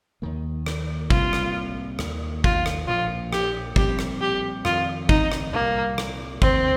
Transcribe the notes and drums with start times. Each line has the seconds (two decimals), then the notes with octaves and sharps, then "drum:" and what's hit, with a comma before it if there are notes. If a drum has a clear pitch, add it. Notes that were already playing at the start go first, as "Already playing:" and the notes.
0.22 D#2 D#3 A#3
0.66 drum: rim click
1.10 C2 C3 G3 A#3 F4, drum: kick
1.33 drum: rim click
1.99 D#2 D#3 A#3, drum: rim click
2.44 F4, drum: kick
2.66 drum: rim click
2.88 A#1 A#2 F3 F4
3.33 G4, drum: rim click
3.76 A#1 A#2 G3 C4 G4, drum: kick
3.99 drum: rim click
4.21 G4
4.65 F2 D#3 C4 F4, drum: rim click
5.09 D#4, drum: kick
5.32 drum: rim click
5.53 C2 A#2 G3 A#3
5.98 drum: rim click
6.42 F1 D#2 D#3 C4, drum: kick